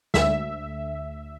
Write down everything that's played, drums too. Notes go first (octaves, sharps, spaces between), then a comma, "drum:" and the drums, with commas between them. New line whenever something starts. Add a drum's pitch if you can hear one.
D2 E5, drum: snare